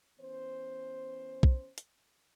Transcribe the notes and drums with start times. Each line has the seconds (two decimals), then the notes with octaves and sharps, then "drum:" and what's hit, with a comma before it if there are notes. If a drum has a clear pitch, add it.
0.20 E3 B3 C#4 C5
1.43 drum: kick B1
1.78 drum: hi-hat